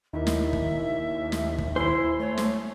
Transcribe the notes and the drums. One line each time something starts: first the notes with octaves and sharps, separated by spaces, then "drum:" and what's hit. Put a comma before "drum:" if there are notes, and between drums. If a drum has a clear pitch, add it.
D#2 D#4 E4 A#4 E5
drum: snare
drum: kick
drum: snare
drum: kick
E4 C5 G#5 C6
A3 C#5
drum: snare